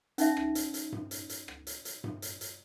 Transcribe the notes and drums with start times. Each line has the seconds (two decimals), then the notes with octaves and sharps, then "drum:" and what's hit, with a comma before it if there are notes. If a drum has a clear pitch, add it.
0.18 C#4 D#4 E5, drum: hi-hat
0.37 drum: rim click
0.55 drum: hi-hat
0.74 drum: hi-hat
0.92 drum: tom G2
1.11 drum: hi-hat
1.29 drum: hi-hat
1.48 drum: rim click
1.67 drum: hi-hat
1.85 drum: hi-hat
2.04 drum: tom G2
2.22 drum: hi-hat
2.41 drum: hi-hat